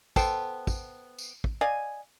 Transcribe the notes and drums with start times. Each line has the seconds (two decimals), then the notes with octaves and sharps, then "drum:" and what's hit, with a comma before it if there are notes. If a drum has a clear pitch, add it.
0.16 B3 A4 C5 G5, drum: kick, tambourine
0.67 drum: kick, tambourine
1.18 drum: tambourine
1.44 drum: kick
1.61 D5 D#5 F5 G#5